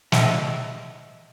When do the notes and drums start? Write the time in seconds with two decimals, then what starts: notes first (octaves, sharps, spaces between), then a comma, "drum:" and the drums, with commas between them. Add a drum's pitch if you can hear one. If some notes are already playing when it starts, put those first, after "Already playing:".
0.12 D#5 E5, drum: snare